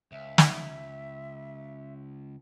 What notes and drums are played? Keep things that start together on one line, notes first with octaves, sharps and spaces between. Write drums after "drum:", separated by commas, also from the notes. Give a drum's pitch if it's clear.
C#2 E5
drum: snare